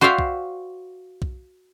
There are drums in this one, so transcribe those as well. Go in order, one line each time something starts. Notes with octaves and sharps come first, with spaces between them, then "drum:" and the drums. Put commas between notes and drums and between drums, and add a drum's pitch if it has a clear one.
F#4 C5 D5 E5 F5 G5
drum: kick B1
drum: kick B1